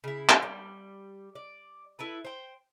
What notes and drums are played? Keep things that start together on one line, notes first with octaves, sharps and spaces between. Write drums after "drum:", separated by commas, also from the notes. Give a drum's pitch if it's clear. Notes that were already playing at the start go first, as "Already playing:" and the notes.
C#3 E4
drum: clap
G3
D5
E4 A4 B4
C5 G5